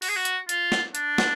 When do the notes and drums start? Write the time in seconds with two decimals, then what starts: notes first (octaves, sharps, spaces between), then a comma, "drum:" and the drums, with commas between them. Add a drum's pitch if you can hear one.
0.02 F#4, drum: open hi-hat
0.09 G#4
0.16 F#4
0.25 drum: hi-hat
0.49 F4, drum: hi-hat
0.72 drum: snare
0.95 D4, drum: hi-hat
1.18 drum: snare